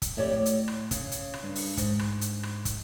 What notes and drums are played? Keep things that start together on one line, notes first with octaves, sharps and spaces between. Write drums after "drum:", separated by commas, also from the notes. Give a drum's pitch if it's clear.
drum: kick, hi-hat
F2 G4 C#5 D5 E5
A2
drum: hi-hat
drum: rim click
C#3, drum: kick, hi-hat
drum: hi-hat
drum: rim click
G2
drum: open hi-hat
G#2, drum: kick, hi-hat
drum: rim click
drum: hi-hat
drum: rim click
drum: kick, hi-hat